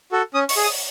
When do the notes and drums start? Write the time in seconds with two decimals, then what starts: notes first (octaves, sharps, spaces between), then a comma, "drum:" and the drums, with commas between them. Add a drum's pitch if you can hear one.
0.12 F#4 A4
0.34 C#4 D#6
0.49 C#6, drum: open hi-hat
0.56 G#4
0.64 D#6